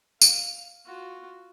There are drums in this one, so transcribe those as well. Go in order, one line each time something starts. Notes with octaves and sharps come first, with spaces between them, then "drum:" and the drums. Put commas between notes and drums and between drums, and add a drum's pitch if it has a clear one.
F5, drum: tambourine
F4 F#4